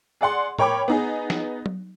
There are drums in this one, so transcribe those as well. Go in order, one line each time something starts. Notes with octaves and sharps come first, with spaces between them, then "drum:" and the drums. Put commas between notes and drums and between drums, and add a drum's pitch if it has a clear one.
G#4 D5 F#5 C6
A#4 C#5 G5 B5 D6, drum: tom A2
B3 D#4 G#4
drum: snare
drum: tom F#3